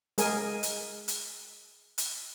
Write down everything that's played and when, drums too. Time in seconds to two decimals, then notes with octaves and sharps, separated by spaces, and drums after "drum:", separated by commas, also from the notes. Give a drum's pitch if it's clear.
0.18 G#3 G#4 A#4 G#5, drum: hi-hat
0.63 drum: hi-hat
1.08 drum: hi-hat
1.98 drum: hi-hat